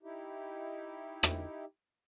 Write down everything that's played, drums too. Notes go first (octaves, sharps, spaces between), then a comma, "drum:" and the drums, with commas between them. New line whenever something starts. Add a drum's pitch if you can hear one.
D#4 E4 G4
drum: rim click